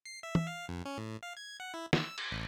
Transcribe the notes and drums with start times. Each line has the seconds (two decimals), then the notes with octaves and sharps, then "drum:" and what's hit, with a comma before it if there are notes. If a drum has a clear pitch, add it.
0.06 C7
0.23 E5
0.35 drum: tom
0.47 F5
0.69 F2
0.85 C#4
0.97 A2
1.23 F5
1.37 G#6
1.60 F#5
1.74 E4
1.93 E6, drum: snare
2.18 drum: cymbal
2.31 A1